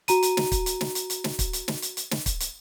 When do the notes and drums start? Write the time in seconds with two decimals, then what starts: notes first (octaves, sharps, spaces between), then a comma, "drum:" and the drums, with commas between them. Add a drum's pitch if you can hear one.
0.08 F#4 A#5 D#7, drum: hi-hat
0.23 drum: hi-hat
0.37 drum: snare
0.52 drum: kick, hi-hat
0.66 drum: hi-hat
0.81 drum: snare
0.95 drum: hi-hat
1.10 drum: hi-hat
1.24 drum: snare
1.39 drum: kick, hi-hat
1.53 drum: hi-hat
1.68 drum: snare
1.82 drum: hi-hat
1.97 drum: hi-hat
2.11 drum: snare
2.26 drum: kick, hi-hat
2.40 drum: hi-hat